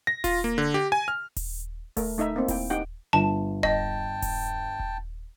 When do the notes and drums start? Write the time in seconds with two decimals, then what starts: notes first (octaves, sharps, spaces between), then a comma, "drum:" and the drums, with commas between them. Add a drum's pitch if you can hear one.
0.07 A#6
0.24 F4, drum: kick D#1, open hi-hat
0.44 A#3
0.58 D3
0.74 G4
0.92 G#5
1.08 F6
1.36 drum: kick D#1, open hi-hat
1.97 A3 A#4, drum: kick D#1, open hi-hat
2.18 A3 D#4 D#5 E5 A#5
2.36 A#3 C4
2.48 E4 G5, drum: kick D#1, open hi-hat
2.70 D#4 G4 F#5 G5
3.13 G1 A5
3.63 D#5 G5 A5, drum: kick D#1
4.22 drum: kick D#1, open hi-hat
4.80 drum: kick D#1